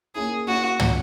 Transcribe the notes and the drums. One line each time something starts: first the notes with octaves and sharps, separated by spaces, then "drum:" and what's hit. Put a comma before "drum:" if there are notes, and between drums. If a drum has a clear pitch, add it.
A#3 C#4 E4 G#4
A#3 C#4 E4 F#4
F3 G#3 C#4, drum: tom